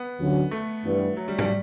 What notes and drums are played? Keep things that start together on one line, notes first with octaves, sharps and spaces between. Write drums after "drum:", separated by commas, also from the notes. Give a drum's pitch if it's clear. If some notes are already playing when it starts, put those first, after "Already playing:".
Already playing: B3
D2 D3 F#3 C#4 F#4
A3
G2 E3 G3 B3
F#3
G3
G3, drum: tom